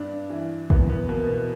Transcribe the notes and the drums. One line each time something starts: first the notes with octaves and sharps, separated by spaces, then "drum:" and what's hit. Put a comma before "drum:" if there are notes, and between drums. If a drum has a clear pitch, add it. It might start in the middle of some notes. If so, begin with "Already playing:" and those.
Already playing: G2 D4
E3
E2 B3, drum: kick
B3
B2 A#3
B3